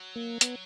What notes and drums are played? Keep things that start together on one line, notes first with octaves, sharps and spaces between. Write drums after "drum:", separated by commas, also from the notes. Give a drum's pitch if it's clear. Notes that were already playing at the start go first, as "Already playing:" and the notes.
Already playing: F#3
A#3
B3, drum: hi-hat